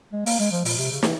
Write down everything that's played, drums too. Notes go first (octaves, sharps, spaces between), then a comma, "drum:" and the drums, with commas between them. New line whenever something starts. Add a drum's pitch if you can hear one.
G#3
A#3, drum: open hi-hat
G#3
F3
A#2, drum: open hi-hat
C3
C#3
E3, drum: snare